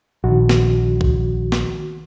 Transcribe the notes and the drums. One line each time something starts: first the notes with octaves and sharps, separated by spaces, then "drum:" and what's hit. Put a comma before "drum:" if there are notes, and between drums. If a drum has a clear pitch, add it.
A#1 D#3 F#4
drum: snare
drum: kick
drum: snare